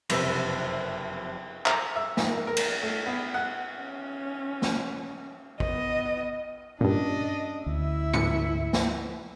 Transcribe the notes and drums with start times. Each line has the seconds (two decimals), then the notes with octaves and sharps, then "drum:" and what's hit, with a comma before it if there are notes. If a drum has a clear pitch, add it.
0.09 F#1 F2 C3 B4 E6, drum: cymbal
1.66 E5, drum: clap
1.96 E5
2.17 G#2, drum: snare
2.29 A#4
2.47 A#4
2.57 drum: cymbal
2.83 A3
3.06 B3
3.34 F#5
3.79 C#4
4.62 drum: snare
5.60 B3 D#5, drum: kick
6.81 G2 A#2 C#4 D4 D#5
7.66 D2 E4 E5
8.14 C#7, drum: tom
8.73 drum: snare